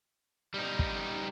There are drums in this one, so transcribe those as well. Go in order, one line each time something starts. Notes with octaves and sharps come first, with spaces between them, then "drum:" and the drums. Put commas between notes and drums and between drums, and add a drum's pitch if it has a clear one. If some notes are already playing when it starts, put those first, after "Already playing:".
G3 D#4
drum: kick